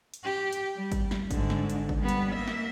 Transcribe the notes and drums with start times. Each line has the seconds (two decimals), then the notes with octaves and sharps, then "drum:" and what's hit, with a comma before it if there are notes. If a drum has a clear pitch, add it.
0.14 drum: hi-hat
0.24 G4
0.53 drum: hi-hat
0.75 G3
0.92 drum: kick G#1, hi-hat
1.11 drum: snare
1.31 G#2 D3, drum: kick G#1, hi-hat
1.50 drum: snare
1.70 drum: hi-hat
1.89 drum: kick G#1
1.99 G3 B3
2.09 drum: hi-hat
2.35 A#3 E5
2.48 drum: snare